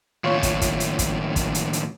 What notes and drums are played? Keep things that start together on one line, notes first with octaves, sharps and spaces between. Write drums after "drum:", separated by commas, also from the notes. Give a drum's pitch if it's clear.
D#2 A2 F4 C#5
drum: kick, hi-hat
drum: kick, hi-hat
drum: hi-hat
drum: kick, hi-hat
drum: kick, hi-hat
drum: hi-hat
drum: hi-hat